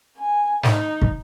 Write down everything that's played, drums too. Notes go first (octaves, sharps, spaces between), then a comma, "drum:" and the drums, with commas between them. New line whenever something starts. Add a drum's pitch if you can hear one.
G#5
D#4, drum: snare
drum: kick